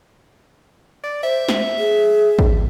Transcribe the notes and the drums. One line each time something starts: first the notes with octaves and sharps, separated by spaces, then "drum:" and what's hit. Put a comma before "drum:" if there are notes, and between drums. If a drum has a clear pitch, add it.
D5
C5 E5
drum: snare
G#4
drum: kick